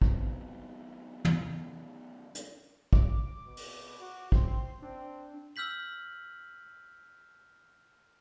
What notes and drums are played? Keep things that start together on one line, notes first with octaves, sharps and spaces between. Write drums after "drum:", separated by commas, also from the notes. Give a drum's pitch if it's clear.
D#3 F#3 B3 C4, drum: kick
drum: tom
drum: hi-hat
D6, drum: kick
B2
drum: open hi-hat
F#4
C4 C6, drum: kick
C4 D4
E6 F6 G6 B6 F#7